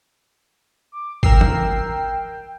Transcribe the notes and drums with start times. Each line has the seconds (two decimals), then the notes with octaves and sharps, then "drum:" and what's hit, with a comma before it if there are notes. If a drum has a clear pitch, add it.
0.92 D6
1.23 A#4 G5 E6 C7, drum: kick G#1
1.41 drum: tom